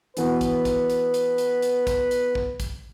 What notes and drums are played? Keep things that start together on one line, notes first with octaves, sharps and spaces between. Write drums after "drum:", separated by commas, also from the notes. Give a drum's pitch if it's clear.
E3 B3 F#4 B4, drum: hi-hat
drum: kick, hi-hat
drum: kick, hi-hat
drum: hi-hat
drum: hi-hat
drum: hi-hat
drum: hi-hat
drum: kick, hi-hat
drum: hi-hat
drum: kick
drum: kick, hi-hat